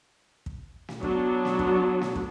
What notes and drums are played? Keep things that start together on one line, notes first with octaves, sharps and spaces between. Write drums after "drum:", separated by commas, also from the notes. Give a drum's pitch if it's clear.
drum: kick
drum: snare
F#3 B3 D4, drum: kick
drum: snare
drum: kick
drum: snare
drum: kick